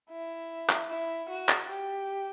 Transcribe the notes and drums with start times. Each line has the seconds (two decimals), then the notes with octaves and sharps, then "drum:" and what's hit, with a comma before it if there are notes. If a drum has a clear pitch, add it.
0.10 E4
0.69 drum: clap
0.89 E4
1.29 F#4
1.49 drum: clap
1.69 G4